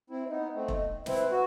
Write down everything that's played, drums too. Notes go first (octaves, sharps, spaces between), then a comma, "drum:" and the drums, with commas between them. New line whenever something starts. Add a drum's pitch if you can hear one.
C4 E4
C5
B3 D#4 D#5
A3 C4
D#5, drum: kick E1
C4 E4 B4, drum: snare
F#4